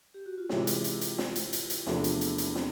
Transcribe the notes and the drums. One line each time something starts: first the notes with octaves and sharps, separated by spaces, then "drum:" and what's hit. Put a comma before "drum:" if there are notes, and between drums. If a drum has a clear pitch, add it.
G4
F#4
F4
C3 E3 G#3 C#4 E4, drum: snare
drum: hi-hat
drum: hi-hat
drum: hi-hat
drum: snare
drum: hi-hat
drum: hi-hat
drum: hi-hat
E2 C3 F3 A3 D4, drum: snare
drum: hi-hat
drum: hi-hat
drum: hi-hat
C4, drum: snare